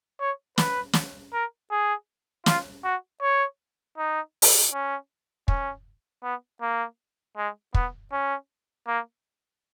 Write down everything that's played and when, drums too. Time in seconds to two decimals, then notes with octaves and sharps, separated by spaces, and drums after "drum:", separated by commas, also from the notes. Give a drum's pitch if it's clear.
0.20 C#5
0.58 B4, drum: snare
0.93 drum: snare
1.33 A#4
1.71 G#4
2.46 F4, drum: snare
2.84 F#4
3.22 C#5
3.98 D#4
4.42 drum: open hi-hat
4.73 C#4
5.48 C#4, drum: kick
6.23 B3
6.61 A#3
7.37 G#3
7.74 B3, drum: kick
8.12 C#4
8.87 A#3